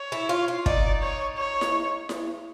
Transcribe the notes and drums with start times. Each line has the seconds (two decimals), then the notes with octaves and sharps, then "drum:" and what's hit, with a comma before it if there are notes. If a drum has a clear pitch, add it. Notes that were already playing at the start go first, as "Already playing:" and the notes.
Already playing: C#5
0.12 E4
0.29 F4
0.48 F4
0.66 D#4 D5, drum: kick
1.02 C#5
1.37 C#5
1.61 drum: snare E4
2.09 drum: snare E4